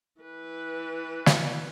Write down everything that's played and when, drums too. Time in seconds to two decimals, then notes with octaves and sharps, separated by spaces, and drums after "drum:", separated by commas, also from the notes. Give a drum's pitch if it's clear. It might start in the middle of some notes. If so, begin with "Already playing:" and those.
0.21 E3 B4
1.26 drum: snare